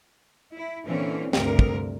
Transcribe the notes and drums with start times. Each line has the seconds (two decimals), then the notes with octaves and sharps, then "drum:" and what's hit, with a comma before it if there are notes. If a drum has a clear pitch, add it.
0.53 E4
0.86 A#2 D3 E3 C4 C#4
1.33 D2 G2 C3 A#4, drum: snare
1.59 drum: kick